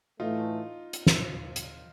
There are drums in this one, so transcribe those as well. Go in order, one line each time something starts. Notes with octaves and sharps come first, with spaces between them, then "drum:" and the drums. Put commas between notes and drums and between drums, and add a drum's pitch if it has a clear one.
A2 E3 A3 D#4 F4
drum: hi-hat
drum: snare
drum: hi-hat